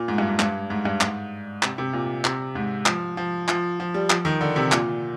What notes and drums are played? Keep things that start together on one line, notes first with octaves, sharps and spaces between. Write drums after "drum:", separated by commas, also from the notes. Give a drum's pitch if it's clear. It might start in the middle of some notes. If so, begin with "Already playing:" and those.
Already playing: A#2
G#2
G2
G#2
G2, drum: clap
G#2
G2
G#2, drum: clap
C3, drum: clap
C3
A#2
C3, drum: clap
G#2
F3, drum: clap
F3
F3, drum: clap
F3
G3
F3, drum: clap
D#3
D3
C3
A#2, drum: clap